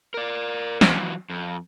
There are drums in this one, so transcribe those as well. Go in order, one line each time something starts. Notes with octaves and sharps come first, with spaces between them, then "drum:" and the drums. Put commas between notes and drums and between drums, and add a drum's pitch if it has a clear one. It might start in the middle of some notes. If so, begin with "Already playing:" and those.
A#4 D5
E3 F#3, drum: snare
F2